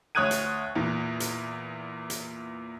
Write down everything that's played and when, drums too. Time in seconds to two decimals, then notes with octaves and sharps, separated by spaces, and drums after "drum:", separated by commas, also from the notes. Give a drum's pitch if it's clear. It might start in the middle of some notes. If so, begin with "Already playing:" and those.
0.15 D2 C#5 D#6 F#6 G#6 D#7
0.31 drum: hi-hat
0.76 E2 A#2
1.20 drum: hi-hat
2.10 drum: hi-hat